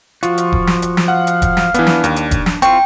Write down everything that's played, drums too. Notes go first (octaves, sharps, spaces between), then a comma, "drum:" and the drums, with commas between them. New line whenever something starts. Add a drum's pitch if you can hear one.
F3 F4 F#4, drum: hi-hat
drum: hi-hat
drum: kick E1
drum: snare
drum: hi-hat
drum: snare
F5 F#5
drum: hi-hat
drum: kick E1, hi-hat
drum: snare
E3 B3 D4, drum: hi-hat
drum: snare
D#2, drum: hi-hat
drum: hi-hat
drum: kick E1, hi-hat
drum: snare
C4 E4 F4 G5 C#6, drum: hi-hat